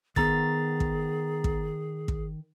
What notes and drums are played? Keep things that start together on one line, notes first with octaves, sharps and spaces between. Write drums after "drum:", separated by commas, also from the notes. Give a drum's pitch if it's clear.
D#3 B3 G#4 A#5 A6, drum: kick
drum: kick
drum: kick
drum: kick